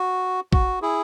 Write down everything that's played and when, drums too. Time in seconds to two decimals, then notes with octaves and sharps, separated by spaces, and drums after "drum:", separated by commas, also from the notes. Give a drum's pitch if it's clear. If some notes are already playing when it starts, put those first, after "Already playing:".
Already playing: F#4
0.53 F#4, drum: kick
0.82 E4 G#4